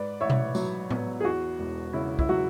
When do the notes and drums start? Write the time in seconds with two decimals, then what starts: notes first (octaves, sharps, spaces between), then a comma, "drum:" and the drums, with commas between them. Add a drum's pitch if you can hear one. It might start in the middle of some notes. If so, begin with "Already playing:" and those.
Already playing: G#2 B4 D5
0.21 A1 C#5 E5
0.30 drum: tom B2
0.55 F#3, drum: tambourine
0.91 B3, drum: tom A2
1.20 G#4
1.25 E2 F#4
1.59 E1
1.93 C#3 E4
2.19 E4, drum: kick
2.29 F#3 F#4